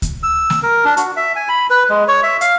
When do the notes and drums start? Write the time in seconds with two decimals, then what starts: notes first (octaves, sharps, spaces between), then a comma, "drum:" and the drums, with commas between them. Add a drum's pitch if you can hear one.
0.02 drum: kick D2, hi-hat
0.23 E6
0.50 drum: snare
0.63 A#4
0.84 D4
0.97 F#4, drum: hi-hat
1.17 E5
1.36 G#5
1.49 B5
1.70 B4
1.90 G#3
2.08 C#5
2.23 E5
2.41 F5, drum: hi-hat